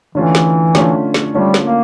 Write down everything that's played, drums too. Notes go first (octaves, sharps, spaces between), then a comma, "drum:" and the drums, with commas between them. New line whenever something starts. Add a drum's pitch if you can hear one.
D3 E3 A3 C#4 F4
drum: snare
D3 A3 C#4 F4, drum: snare
drum: snare
D3 G3 A3 C#4 F4
drum: snare
A#3